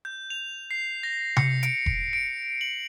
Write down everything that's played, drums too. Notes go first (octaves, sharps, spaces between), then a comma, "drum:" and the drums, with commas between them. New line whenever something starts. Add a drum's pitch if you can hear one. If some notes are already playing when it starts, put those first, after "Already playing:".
G6
F7
C7
A#6
C#7, drum: tom C3
D7, drum: hi-hat
drum: kick F1
D7
F#7